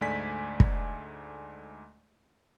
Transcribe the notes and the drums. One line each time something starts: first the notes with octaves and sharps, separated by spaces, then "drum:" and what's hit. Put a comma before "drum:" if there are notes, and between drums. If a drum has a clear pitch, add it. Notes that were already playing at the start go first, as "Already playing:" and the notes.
D2 G#2 A3 D5 G#5 B6
drum: kick